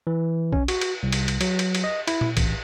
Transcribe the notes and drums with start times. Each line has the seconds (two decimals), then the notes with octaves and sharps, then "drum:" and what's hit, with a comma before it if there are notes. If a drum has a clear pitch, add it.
0.07 E3
0.53 C#4, drum: kick A#1
0.68 F#4, drum: cymbal
0.81 drum: cymbal
1.03 C2
1.12 drum: cymbal
1.28 drum: cymbal
1.41 F#3, drum: cymbal
1.59 drum: cymbal
1.75 drum: cymbal
1.84 D#5
2.08 E4, drum: cymbal
2.21 drum: tom A#2
2.37 A1, drum: kick A#1, cymbal